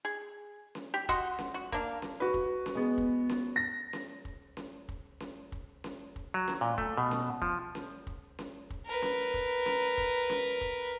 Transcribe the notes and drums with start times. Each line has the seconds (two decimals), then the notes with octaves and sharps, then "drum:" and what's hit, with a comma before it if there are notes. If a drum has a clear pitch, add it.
0.05 G#4
0.75 drum: snare C#4
0.94 G4
1.09 F#4 D#5 F#5 C6, drum: kick
1.39 drum: snare C#4
1.54 F#4
1.72 A#3 D4 F5, drum: kick
2.02 drum: snare C#4
2.20 F#4 B4
2.34 drum: kick
2.66 drum: snare C#4
2.75 G#3 B3
2.98 drum: kick
3.29 drum: snare C#4
3.56 A#6
3.93 drum: snare C#4
4.25 drum: kick
4.57 drum: snare C#4
4.89 drum: kick
5.20 drum: snare C#4
5.52 drum: kick
5.84 drum: snare C#4
6.16 drum: kick
6.34 F#3
6.48 drum: snare C#4
6.61 A#2
6.78 A3, drum: kick
6.98 B2
7.11 drum: snare C#4
7.42 F3, drum: kick
7.75 drum: snare C#4
8.07 drum: kick
8.39 drum: snare C#4
8.70 drum: kick
8.86 A#4 B4
9.02 drum: snare C#4
9.34 drum: kick
9.66 drum: snare C#4
9.98 drum: kick
10.30 drum: snare C#4
10.61 drum: kick